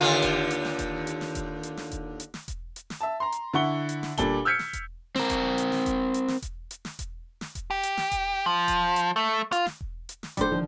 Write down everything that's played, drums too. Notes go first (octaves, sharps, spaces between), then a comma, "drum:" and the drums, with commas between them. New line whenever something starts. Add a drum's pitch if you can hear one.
D#2 D3 F4
drum: kick E1, hi-hat
drum: hi-hat
drum: snare
drum: kick E1, hi-hat
drum: hi-hat
drum: snare
drum: kick E1, hi-hat
drum: hi-hat
drum: snare
drum: kick E1, hi-hat
drum: hi-hat
drum: snare
drum: kick E1, hi-hat
drum: hi-hat
drum: snare
E5 A5
A#5 C6
drum: hi-hat
D3 E4 F#5 C#6 G7
drum: hi-hat
drum: snare
A#2 G3 D4 A4 G7, drum: kick E1, hi-hat
E6 F6 G6 G#6 B6 C#7
drum: snare
drum: kick E1, hi-hat
C4 A#4, drum: snare
drum: kick E1, hi-hat
drum: hi-hat
drum: snare
drum: kick E1, hi-hat
drum: hi-hat
drum: snare
drum: kick E1, hi-hat
drum: hi-hat
drum: snare
drum: kick E1, hi-hat
drum: snare
drum: kick E1, hi-hat
G4
drum: hi-hat
drum: snare
drum: kick E1, hi-hat
F3
drum: kick E1, hi-hat
drum: hi-hat
A3
F4, drum: hi-hat
drum: snare
drum: kick E1
drum: hi-hat
drum: snare
F#3 G3 D4 A4 C5 D6, drum: kick E1, hi-hat
D3 D#3 F3 D4